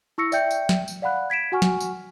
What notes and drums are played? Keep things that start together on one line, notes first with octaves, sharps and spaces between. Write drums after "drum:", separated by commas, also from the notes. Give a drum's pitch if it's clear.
E4 C#6 E6 A#6 C#7
D5 E5 G5 G6 C#7, drum: tambourine
drum: tambourine
drum: snare
drum: tambourine
D5 F5 F#5 B5 F#6
G#6 B6 D7 E7
F#4 F#5 G#5 C#6 F6
drum: snare
drum: tambourine